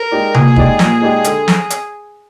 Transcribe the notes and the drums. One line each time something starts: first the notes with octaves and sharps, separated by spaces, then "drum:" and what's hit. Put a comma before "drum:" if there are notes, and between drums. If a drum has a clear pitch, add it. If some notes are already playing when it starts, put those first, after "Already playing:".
Already playing: A#4
G#3 D#4 G4 D5
A#2 G#4, drum: tom C3
G#3 D#4 G4 D5, drum: kick
A#2, drum: snare
G#3 D#4 G4 D5
D3, drum: hi-hat
drum: snare
drum: hi-hat